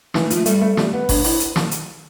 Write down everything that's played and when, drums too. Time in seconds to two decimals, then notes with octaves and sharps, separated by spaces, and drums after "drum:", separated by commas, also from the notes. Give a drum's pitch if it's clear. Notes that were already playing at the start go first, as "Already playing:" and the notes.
0.14 E3 A3, drum: snare
0.25 A3
0.30 F3, drum: hi-hat
0.35 A3
0.46 G3 A3, drum: hi-hat
0.61 A3
0.77 G3 A3, drum: snare
0.93 B3
1.09 D4, drum: kick G1, open hi-hat
1.24 E4, drum: open hi-hat
1.40 drum: hi-hat
1.56 drum: snare
1.71 drum: hi-hat